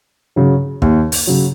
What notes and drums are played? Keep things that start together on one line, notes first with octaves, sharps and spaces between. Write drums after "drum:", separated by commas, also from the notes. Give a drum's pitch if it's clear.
C#3 F#3
D#2, drum: kick
drum: open hi-hat
C#3 F#3